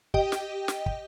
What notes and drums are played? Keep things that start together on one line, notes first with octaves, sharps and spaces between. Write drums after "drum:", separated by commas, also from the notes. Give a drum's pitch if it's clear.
G4 D#5 G5, drum: kick
drum: snare
drum: snare
drum: kick